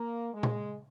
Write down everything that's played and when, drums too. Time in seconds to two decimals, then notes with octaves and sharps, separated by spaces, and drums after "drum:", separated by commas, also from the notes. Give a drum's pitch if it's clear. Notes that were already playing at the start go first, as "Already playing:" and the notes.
Already playing: A#3
0.32 G#3
0.43 drum: tom A#2